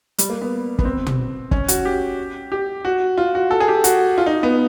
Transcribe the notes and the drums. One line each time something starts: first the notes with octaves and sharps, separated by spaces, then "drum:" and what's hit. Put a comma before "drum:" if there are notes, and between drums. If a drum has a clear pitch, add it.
G3, drum: hi-hat
A#3
B3
B3, drum: kick
C4
drum: tom
C#4, drum: kick
F#4, drum: hi-hat
G4
G4
F#4
F4
F#4
A4
G#4
G4
F#4, drum: hi-hat
F4
D#4
B3